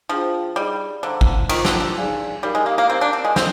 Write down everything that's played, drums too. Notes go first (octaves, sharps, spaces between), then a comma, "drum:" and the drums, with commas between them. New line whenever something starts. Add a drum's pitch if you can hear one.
F3 D4 F4 G#4 C5 G5
G3 D#4 G#4 D#5
D3 C5 F5 A#5 D6
drum: kick
D#3 F4 C5 G5 A#5 D6, drum: cymbal
D3, drum: snare
D3
D#4 G#4 D5 F5 G#5
G3 D#4 G4 A#4 F5
G#3
A#3
A#3
C4 A#4 F5 A#5 D6
D4
C4
G#3
C4 C5, drum: snare